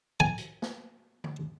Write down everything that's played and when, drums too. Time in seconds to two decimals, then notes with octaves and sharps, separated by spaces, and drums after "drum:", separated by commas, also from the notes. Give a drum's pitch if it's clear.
0.20 G#5
0.38 drum: hi-hat
0.62 drum: snare
1.24 drum: tom